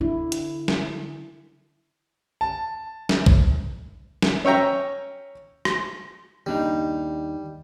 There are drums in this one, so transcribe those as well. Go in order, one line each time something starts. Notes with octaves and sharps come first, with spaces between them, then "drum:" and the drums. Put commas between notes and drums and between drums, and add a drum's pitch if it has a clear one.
D3 E4
drum: hi-hat
drum: snare
A5
drum: snare
drum: kick
drum: snare
C#4 C#5 E5 G5 A#5
drum: rim click
D#2 G3 D4 D#4